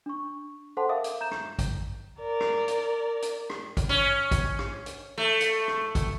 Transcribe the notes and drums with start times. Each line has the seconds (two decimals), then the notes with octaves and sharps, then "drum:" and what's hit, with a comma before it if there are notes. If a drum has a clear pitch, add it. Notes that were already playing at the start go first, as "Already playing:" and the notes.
0.06 D4 C#6
0.77 A4 C5 F#5 G5 A5 C6
0.89 A#4 E5 F5 D6 D#6
1.04 drum: hi-hat
1.21 A#5 G6 E7
1.31 drum: rim click
1.59 drum: kick G#1, hi-hat
2.19 A#4 D5
2.40 drum: rim click
2.68 drum: hi-hat
3.22 drum: hi-hat
3.50 drum: rim click
3.77 drum: kick G#1, hi-hat
3.89 C#4
4.31 drum: kick G#1, hi-hat
4.59 drum: rim click
4.86 drum: hi-hat
5.18 A3
5.41 drum: hi-hat
5.68 drum: rim click
5.95 drum: kick G#1, hi-hat